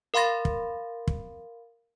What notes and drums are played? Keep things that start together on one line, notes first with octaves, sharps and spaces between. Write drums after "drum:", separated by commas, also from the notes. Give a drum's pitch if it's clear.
A#4 F5 B5 C6 A6 A#6
drum: kick
drum: kick